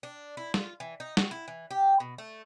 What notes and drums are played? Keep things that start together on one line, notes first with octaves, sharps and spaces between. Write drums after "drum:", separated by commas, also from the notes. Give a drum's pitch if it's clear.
D4
E4
F4, drum: snare
E3
D#4
F#4, drum: snare
E4
E3
G4
B2
A3